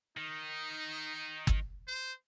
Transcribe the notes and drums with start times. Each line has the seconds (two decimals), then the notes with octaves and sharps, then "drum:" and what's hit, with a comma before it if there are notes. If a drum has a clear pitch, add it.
0.17 D#3 D#4
1.47 drum: kick
1.88 C5